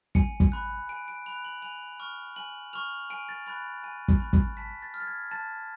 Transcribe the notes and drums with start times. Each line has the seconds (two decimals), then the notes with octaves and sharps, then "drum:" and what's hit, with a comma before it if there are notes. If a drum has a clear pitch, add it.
0.15 G#5 C#7, drum: kick
0.40 drum: kick
0.52 B5 F#6
0.89 G#5 D7
1.08 D7
1.26 B5 F#6 F7
1.45 F#7
1.62 G#5 F7
2.00 C#6 F6
2.36 G#5 F#7
2.73 C#6 F6 F7
3.10 G#5 D7
3.29 A6
3.47 B5 F#6 A6
3.84 G#5
4.08 drum: kick
4.20 B5 F#6
4.33 drum: kick
4.57 A5 B6
4.82 A6
4.94 F6
5.00 A6
5.07 G#6
5.31 A5 A6